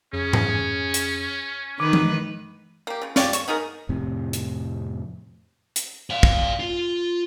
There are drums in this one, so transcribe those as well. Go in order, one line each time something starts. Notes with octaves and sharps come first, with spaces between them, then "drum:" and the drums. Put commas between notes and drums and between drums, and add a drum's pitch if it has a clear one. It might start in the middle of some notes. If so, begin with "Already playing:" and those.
F2 C#3 C#4
drum: tom G#2
drum: hi-hat
D#3 D#4 B4 D6
drum: tom E3
A#3 G4
C#3 F3
F4 G4 C#5 D5, drum: snare
C#6, drum: hi-hat
B3 D#4 G#4 A#4
F2 A2 C3
drum: hi-hat
drum: hi-hat
D5 F5
drum: kick
F4